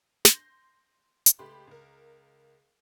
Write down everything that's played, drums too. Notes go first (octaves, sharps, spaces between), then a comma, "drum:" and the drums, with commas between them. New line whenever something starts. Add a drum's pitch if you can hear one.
C6 G6 A#6, drum: snare
drum: hi-hat
C#2 A3 G4 B5 C6
C#2 A#4